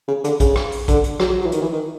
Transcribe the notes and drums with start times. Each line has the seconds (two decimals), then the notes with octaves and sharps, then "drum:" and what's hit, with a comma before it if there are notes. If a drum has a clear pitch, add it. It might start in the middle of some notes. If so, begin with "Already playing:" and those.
0.08 C#3
0.24 D3, drum: hi-hat
0.40 C#3, drum: kick A#1, hi-hat
0.56 drum: rim click
0.72 drum: open hi-hat
0.88 D3, drum: kick A#1, hi-hat
1.04 drum: hi-hat
1.20 F#3, drum: rim click
1.30 F#3
1.41 F#3
1.46 E3
1.52 D#3, drum: hi-hat
1.62 E3
1.73 D#3